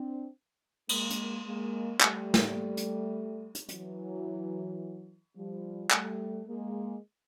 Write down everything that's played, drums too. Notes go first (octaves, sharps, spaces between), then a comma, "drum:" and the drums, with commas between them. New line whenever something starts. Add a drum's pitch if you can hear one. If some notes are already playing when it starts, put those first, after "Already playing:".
Already playing: C4 D4
G#3 A#3, drum: cymbal
drum: hi-hat
G#3 A#3
G3 A3, drum: clap
drum: snare
drum: hi-hat
drum: hi-hat
E3 F#3, drum: hi-hat
F3 G3
G3 A3, drum: clap
G#3 A#3